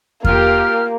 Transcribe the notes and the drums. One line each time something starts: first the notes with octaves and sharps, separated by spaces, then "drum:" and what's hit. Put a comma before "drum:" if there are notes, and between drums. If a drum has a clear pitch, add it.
A#3 F4 G4 A#4 F6, drum: kick E2